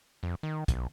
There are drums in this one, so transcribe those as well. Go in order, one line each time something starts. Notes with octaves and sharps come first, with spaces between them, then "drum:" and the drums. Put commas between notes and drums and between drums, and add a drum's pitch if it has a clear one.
F2
D#3
B1, drum: kick, hi-hat